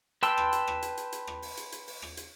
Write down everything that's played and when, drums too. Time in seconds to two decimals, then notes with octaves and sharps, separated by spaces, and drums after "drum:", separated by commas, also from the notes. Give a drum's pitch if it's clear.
0.23 B4 G5 A5 C6 E6, drum: hi-hat
0.38 drum: rim click
0.53 drum: hi-hat
0.67 drum: rim click
0.82 drum: hi-hat
0.97 drum: hi-hat
1.12 drum: hi-hat
1.27 drum: rim click
1.42 drum: open hi-hat
1.57 drum: hi-hat
1.72 drum: hi-hat
1.87 drum: open hi-hat
2.02 drum: rim click
2.17 drum: hi-hat